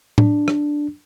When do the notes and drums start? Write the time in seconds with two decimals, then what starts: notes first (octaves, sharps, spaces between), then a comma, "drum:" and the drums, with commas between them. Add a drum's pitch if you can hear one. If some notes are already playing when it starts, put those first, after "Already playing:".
0.18 D4, drum: tom A2
0.48 drum: rim click